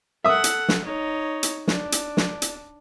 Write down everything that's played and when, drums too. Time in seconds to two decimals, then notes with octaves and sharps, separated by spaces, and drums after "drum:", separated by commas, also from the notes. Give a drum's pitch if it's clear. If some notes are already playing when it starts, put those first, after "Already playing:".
0.24 A4 E5 F#5 D#6
0.44 drum: hi-hat
0.69 drum: snare
0.84 D#4 C#5
1.43 drum: hi-hat
1.68 D4, drum: snare
1.92 drum: hi-hat
2.17 drum: snare
2.42 drum: hi-hat